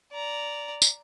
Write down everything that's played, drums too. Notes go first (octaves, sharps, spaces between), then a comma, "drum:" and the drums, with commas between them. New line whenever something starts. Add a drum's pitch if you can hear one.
D5 A#5
drum: tambourine